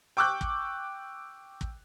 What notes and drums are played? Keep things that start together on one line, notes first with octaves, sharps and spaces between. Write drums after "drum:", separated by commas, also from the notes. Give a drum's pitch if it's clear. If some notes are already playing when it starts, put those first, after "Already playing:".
G5 C#6 D6 E6 F#6 G6
drum: kick
drum: kick